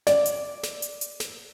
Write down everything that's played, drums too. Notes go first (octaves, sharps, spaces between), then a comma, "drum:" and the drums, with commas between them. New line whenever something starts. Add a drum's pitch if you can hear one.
D5, drum: snare
drum: hi-hat
drum: snare
drum: hi-hat
drum: hi-hat
drum: snare